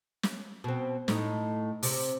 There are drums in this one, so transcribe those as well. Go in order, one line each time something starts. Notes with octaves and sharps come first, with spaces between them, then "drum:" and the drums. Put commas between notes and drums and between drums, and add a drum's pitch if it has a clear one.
drum: snare
B2 C4
A2 D#4, drum: snare
C3, drum: open hi-hat